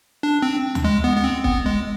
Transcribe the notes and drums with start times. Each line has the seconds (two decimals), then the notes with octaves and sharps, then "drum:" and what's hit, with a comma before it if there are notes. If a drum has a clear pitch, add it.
0.23 D4
0.42 C4
0.75 drum: tom D2
0.84 G#3
1.04 B3
1.17 B3
1.24 C4
1.44 B3, drum: kick
1.66 G#3